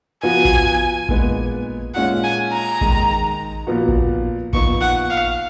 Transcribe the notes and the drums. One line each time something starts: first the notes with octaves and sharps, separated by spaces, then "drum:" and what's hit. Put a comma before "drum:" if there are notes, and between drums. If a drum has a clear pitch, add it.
F3 B3 F#4 G#5
drum: kick A1
A#2 G#3 B3, drum: kick A1
A#2 G#3 C#4 F4 F#5
G#5
A#5
D#3 G#3 D#4, drum: kick A1
A#2 F3 B3 F#4
drum: kick A1
A#2 F3 B3 D#4 C#6, drum: kick A1
F#5
F5